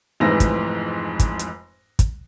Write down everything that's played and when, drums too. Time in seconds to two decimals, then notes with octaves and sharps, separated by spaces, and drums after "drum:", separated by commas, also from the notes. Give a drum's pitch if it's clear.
0.20 F1 F2 G#2 E3 A#6
0.40 drum: kick, hi-hat
1.20 drum: kick, hi-hat
1.39 drum: hi-hat
1.99 drum: kick, hi-hat